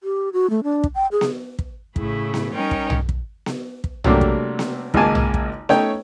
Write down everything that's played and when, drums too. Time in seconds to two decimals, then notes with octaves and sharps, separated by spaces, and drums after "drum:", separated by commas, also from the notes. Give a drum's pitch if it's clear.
0.03 G4
0.33 F#4
0.50 A3
0.64 D4
0.84 drum: kick
0.95 G5
1.12 G#4
1.21 drum: snare B3
1.59 drum: kick
1.96 A2 C#3 E4 G#4, drum: kick
2.34 drum: snare B3
2.52 G3 C#4 D#4 A#4 C#5 G5
2.71 drum: kick
2.90 drum: tom
3.09 drum: kick
3.46 drum: snare B3
3.84 drum: kick
4.04 C3 F#3 G3 A3 A#3 D4, drum: tom
4.21 drum: kick
4.59 drum: snare B3
4.94 G#1 C#2 G#3 A#3 G#5 A5, drum: kick
5.15 drum: tom
5.34 drum: kick
5.69 A3 C#4 D#4 C#5 G5, drum: snare B3